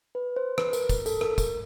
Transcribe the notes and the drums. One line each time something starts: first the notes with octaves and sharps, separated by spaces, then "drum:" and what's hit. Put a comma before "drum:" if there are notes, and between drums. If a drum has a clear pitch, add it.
B4
C5
B4, drum: rim click
A#4, drum: tambourine
A#4, drum: kick, tambourine
A4, drum: tambourine
A#4, drum: rim click
drum: kick, tambourine